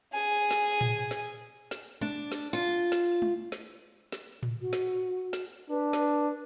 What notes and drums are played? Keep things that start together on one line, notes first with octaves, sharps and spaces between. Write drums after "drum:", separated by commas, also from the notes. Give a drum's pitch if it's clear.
G#4 G#5
drum: snare
drum: tom A2
drum: snare
drum: snare
D4, drum: tom G#3
drum: snare
F4
drum: snare
drum: tom G#3
drum: snare
drum: snare
drum: tom A2
F#4
drum: snare
drum: snare
D4 B4
drum: snare